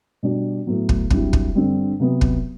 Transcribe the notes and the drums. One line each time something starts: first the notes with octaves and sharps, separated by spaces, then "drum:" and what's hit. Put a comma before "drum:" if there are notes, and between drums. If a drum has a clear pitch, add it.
B2 G3 D4
A2 F#3 B3
drum: kick
G2 F#3 C4 E4 G4, drum: kick
drum: kick
G2 D3 G3 C4
C3 F#3 B3
drum: kick